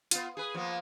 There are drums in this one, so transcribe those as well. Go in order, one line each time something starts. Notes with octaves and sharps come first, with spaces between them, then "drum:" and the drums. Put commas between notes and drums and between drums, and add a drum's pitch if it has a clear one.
B3 F4, drum: hi-hat
G#4 B4
F3 A#3 B3